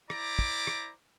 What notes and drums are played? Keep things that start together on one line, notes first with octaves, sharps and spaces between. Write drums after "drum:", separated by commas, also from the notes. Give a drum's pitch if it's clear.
E4 C5 D5 A#5 D6, drum: rim click
drum: kick
drum: rim click